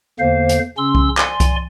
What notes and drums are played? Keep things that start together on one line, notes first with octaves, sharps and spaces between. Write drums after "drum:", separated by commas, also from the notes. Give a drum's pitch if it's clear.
E2 D3 A#3 C5 F5
drum: hi-hat
C#3 C#4 C6 E6
drum: kick C2
D5 G#5 C6, drum: clap
drum: kick C2, hi-hat